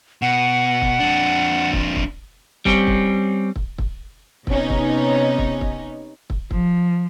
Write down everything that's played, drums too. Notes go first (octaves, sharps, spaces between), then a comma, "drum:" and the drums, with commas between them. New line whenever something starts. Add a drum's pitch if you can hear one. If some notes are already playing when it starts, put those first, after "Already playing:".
B2 F#5
drum: kick
F2 D4
drum: kick
drum: kick
G3 C4 C#4, drum: kick
drum: kick
drum: kick
drum: kick
C3 B3 C#4 D#4, drum: kick
drum: kick
drum: kick
drum: kick
drum: kick
F3, drum: kick